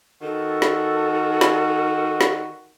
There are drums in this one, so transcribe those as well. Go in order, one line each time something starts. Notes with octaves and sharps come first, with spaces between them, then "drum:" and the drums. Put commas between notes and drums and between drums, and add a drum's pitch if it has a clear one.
D#3 F#4 A4
drum: snare
drum: snare
drum: snare